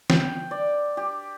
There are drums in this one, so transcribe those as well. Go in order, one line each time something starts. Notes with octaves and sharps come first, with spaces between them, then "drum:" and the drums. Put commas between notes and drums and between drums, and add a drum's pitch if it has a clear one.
G5, drum: snare
D5
G4